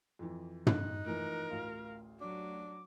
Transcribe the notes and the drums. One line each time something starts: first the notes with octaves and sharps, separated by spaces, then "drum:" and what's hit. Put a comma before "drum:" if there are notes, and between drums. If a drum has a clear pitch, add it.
F2 E3
D#4 F#6, drum: tom
E3 F3 A3 A#4
A1 D2 F4 F5
F#3 D4 D6